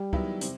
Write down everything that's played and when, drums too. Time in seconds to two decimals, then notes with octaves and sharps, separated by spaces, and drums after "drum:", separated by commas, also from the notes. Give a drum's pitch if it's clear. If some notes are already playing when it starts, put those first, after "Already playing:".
Already playing: G3
0.13 D#3 F#3 B3 E4, drum: kick
0.41 C3, drum: hi-hat